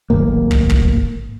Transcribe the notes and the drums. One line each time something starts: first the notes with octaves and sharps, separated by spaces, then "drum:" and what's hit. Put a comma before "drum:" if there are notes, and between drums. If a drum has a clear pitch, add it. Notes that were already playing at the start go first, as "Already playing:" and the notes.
D1 G#1 A#3
drum: kick
drum: kick